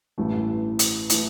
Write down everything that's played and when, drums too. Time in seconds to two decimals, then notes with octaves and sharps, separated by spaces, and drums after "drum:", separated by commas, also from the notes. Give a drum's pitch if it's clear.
0.18 A1 G2 E3 A3
0.79 drum: hi-hat
1.10 E3 A3, drum: hi-hat